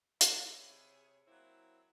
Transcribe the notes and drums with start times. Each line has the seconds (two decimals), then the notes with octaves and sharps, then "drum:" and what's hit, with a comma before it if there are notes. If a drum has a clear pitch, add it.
0.21 C3 E4 G#4 C#5, drum: hi-hat
1.28 F#3 A#3 C4 E4